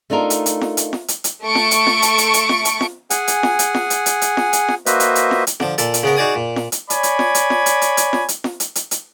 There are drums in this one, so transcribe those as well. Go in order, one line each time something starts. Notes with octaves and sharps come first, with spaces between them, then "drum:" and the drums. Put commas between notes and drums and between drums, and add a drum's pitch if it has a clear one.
A3 D4 D#4 F4 A#4
drum: hi-hat
drum: hi-hat
drum: snare
drum: hi-hat
drum: snare
drum: hi-hat
drum: hi-hat
A3 C#6 D7
drum: snare
drum: hi-hat
drum: snare
drum: hi-hat
drum: hi-hat
drum: hi-hat
drum: snare
drum: hi-hat
drum: snare
G#4 F#5 G#5, drum: hi-hat
drum: hi-hat
drum: snare
drum: hi-hat
drum: snare
drum: hi-hat
drum: hi-hat
drum: hi-hat
drum: snare
drum: hi-hat
drum: snare
A#3 F#4 B4 C5 D#5 E5, drum: hi-hat
drum: hi-hat
drum: hi-hat
drum: snare
drum: hi-hat
D3 F3, drum: snare
A#2 A4, drum: hi-hat
drum: hi-hat
C#3 B3 A#4
D#4 F#4 G#4 D5 G#5 D#6
A#2
drum: snare
drum: hi-hat
C#5 D5 G#5 B5, drum: hi-hat
drum: hi-hat
drum: snare
drum: hi-hat
drum: snare
drum: hi-hat
drum: hi-hat
drum: hi-hat
drum: snare
drum: hi-hat
drum: snare
drum: hi-hat
drum: hi-hat
drum: hi-hat